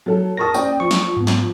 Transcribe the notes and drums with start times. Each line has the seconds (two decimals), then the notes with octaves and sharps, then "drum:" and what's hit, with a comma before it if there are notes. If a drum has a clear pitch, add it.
0.06 F#3 A4
0.37 A#4 A5 C#6 D#6 A#6
0.54 A#3 C#4 C5 D5 G5, drum: tambourine
0.80 F3 C#6
0.91 drum: snare
1.17 G#2 B3
1.27 drum: snare